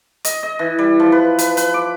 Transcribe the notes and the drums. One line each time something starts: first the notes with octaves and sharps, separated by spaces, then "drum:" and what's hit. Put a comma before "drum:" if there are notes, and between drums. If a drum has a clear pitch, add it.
D#5, drum: hi-hat
D#5
E3
G3
F3
B4
B4, drum: hi-hat
B4, drum: hi-hat
D6